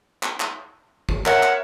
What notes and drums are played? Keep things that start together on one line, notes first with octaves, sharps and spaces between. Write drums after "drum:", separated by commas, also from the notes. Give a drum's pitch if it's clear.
drum: clap
drum: clap
drum: kick
A#4 C#5 E5 F#5, drum: clap
drum: clap